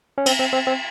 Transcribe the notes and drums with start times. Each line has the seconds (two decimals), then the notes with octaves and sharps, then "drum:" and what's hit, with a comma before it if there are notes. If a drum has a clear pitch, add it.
0.18 C#4
0.26 C4, drum: cymbal
0.39 C4
0.53 C4
0.67 C4